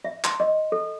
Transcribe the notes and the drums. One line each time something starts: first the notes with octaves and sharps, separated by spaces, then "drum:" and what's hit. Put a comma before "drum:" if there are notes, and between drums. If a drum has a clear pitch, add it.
E5
C6, drum: clap
D#5
A4